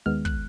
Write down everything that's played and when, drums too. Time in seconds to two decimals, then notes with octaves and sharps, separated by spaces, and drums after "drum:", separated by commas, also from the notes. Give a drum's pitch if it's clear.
0.06 D#2 D#3 G#3 B3 F6
0.25 F#6, drum: kick